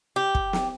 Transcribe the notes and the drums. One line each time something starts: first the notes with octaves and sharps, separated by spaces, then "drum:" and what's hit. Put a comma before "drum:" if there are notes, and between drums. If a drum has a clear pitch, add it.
G4
drum: kick
drum: snare